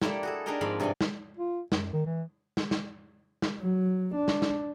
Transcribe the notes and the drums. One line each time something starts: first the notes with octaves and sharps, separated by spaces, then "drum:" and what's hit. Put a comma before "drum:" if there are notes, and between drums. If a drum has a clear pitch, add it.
A#3 E4 G4 A4 D5, drum: snare
F#4 G#4 A4
D4 D#4 G4 G#4 A#4 D#5
G#2 F3 C4 D5 F5 B5
G2 C3 F3 D5 G5 G#5
drum: snare
F4
F#2, drum: snare
D#3
E3
drum: snare
drum: snare
drum: snare
F#3
D4
drum: snare
drum: snare